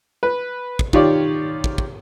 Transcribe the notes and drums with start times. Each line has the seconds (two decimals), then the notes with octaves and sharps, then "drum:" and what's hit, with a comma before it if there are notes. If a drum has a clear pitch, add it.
0.23 B4
0.79 drum: kick
0.93 D#3 F4 G4 C#5 D5, drum: kick
1.64 drum: kick
1.78 drum: kick